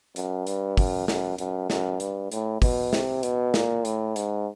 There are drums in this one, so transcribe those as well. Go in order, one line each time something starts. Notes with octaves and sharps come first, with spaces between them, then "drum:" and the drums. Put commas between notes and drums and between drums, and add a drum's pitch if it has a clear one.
F#2, drum: hi-hat
G2, drum: hi-hat
F#2, drum: kick, open hi-hat
F#2, drum: snare
F#2, drum: hi-hat
F#2, drum: snare
G2, drum: hi-hat
A2, drum: hi-hat
B2, drum: kick, open hi-hat
C3, drum: snare
B2, drum: hi-hat
A#2, drum: snare
A2, drum: hi-hat
G#2, drum: hi-hat